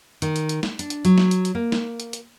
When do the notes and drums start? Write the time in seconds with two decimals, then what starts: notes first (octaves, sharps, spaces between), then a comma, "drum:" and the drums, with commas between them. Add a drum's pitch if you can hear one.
0.22 D#3, drum: hi-hat
0.36 drum: hi-hat
0.49 drum: hi-hat
0.63 drum: snare
0.79 D4, drum: hi-hat
0.90 drum: hi-hat
1.05 F#3, drum: hi-hat
1.18 drum: snare
1.31 drum: hi-hat
1.45 drum: hi-hat
1.55 A#3
1.72 drum: snare
2.00 drum: hi-hat
2.13 drum: hi-hat